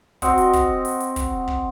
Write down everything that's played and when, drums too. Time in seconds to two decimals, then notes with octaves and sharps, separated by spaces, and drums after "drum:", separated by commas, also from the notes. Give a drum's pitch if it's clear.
0.22 C4 F#4 D#5, drum: kick, hi-hat
0.38 drum: hi-hat
0.53 drum: kick, hi-hat
0.85 drum: open hi-hat
1.00 drum: hi-hat
1.16 drum: kick, hi-hat
1.48 drum: kick